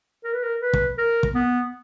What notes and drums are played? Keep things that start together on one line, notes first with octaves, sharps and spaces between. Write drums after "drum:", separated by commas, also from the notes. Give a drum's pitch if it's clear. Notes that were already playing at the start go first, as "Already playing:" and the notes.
A#4
B4
A#4
B4
drum: kick
A#4
drum: kick
B3